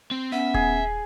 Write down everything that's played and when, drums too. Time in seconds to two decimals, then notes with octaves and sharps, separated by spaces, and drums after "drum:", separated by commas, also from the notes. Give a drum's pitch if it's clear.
0.11 C4
0.32 B3 C#4 E5
0.54 G#4, drum: kick D#1